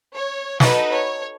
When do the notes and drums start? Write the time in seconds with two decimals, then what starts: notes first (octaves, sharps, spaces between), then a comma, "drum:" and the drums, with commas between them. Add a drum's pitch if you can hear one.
0.14 C#5
0.60 D#4 F#4 A4 B4 D#5, drum: snare
0.90 C#5